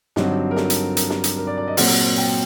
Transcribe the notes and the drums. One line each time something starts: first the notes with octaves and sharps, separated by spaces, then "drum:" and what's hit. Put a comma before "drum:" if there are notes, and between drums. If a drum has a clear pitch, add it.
G2 D3 F#3 C4 D#4, drum: snare
A#4
A4, drum: snare
drum: hi-hat
A#4, drum: hi-hat
drum: snare
drum: hi-hat
A#4
D5
D5
D#5
A#2 F#3 C4 F#5, drum: open hi-hat
G5